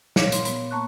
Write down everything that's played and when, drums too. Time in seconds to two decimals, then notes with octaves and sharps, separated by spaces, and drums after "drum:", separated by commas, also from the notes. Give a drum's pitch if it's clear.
0.16 A#2 C#5 F5 D6, drum: snare
0.32 C6, drum: hi-hat
0.45 B3, drum: hi-hat
0.71 A#3 A5 C#6 F#6